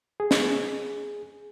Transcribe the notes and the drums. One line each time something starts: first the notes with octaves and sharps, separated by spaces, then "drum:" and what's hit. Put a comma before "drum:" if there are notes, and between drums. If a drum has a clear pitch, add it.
G#4
drum: snare